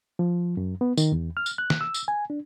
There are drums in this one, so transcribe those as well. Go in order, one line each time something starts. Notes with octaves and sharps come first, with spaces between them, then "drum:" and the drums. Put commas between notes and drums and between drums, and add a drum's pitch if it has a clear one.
F3
F#2
B3
D#3, drum: tambourine
E2
F6
drum: tambourine
F#6
drum: snare
E6
drum: tambourine
G#5
D4